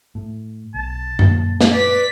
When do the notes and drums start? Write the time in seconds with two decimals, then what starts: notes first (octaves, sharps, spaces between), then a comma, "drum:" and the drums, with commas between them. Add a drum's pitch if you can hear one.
0.15 A2
0.74 B1 A5
1.19 F#2 A#2, drum: tom F#2
1.61 drum: snare
1.73 B4 D5 B6